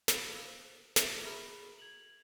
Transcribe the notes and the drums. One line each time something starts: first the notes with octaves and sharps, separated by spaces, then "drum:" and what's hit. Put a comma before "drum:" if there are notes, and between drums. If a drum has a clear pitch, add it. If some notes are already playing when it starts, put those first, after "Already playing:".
F5 B5 E6 F#6 E7 F7, drum: snare
C5
E5 A#6 C#7, drum: snare
F#4 G#4 A#4 A#5 B5 F6
G#6 F7 F#7